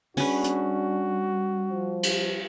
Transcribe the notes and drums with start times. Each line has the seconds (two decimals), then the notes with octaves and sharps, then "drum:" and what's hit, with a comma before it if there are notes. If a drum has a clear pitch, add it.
0.17 G3 C#4 D4 F#4 G#4 B4, drum: open hi-hat
0.44 drum: hi-hat
1.69 F3
2.03 drum: cymbal